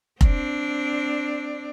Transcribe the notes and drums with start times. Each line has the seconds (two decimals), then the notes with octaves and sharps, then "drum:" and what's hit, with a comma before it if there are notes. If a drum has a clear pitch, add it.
0.21 C4 D4, drum: kick F1